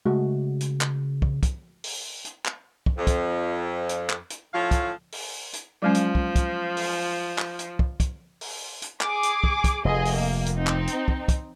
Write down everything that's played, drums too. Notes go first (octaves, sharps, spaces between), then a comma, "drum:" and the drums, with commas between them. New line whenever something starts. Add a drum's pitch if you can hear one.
C#3 G#3 A3 F#4
drum: hi-hat
drum: clap
drum: kick
drum: kick, hi-hat
drum: open hi-hat
drum: hi-hat
drum: clap
drum: kick
F2
drum: kick, hi-hat
drum: hi-hat
drum: clap
drum: hi-hat
A2 F3 C#4 C#5 F5
drum: kick, hi-hat
drum: open hi-hat
drum: hi-hat
F3 F#3 G#3 C#4
drum: hi-hat
drum: kick
drum: kick, hi-hat
drum: open hi-hat
drum: clap
drum: hi-hat
drum: kick
drum: kick, hi-hat
drum: open hi-hat
drum: hi-hat
G#4 D6, drum: clap
drum: hi-hat
drum: kick
drum: kick, hi-hat
F1 G#4 D#5
drum: open hi-hat
A#3
drum: hi-hat
C4 D#4
drum: clap
drum: hi-hat
drum: kick
drum: kick, hi-hat